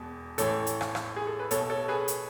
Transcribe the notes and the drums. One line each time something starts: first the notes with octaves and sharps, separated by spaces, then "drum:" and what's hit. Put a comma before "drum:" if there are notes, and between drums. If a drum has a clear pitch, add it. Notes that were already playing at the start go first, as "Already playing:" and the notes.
Already playing: E1 E2 B2
A1 A2 E3 A4 C#5, drum: hi-hat
drum: hi-hat
drum: rim click
drum: rim click
G#4
A4
B4
B1 B2 A4 C#5, drum: hi-hat
A4 C#5
G#4 B4
drum: hi-hat